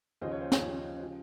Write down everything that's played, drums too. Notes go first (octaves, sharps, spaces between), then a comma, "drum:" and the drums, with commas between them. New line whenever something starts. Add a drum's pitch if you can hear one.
D#2 C#3 F3 C5 D#5
C#5
C5
C#5, drum: snare
D#2 C#3 F3
C#3 F3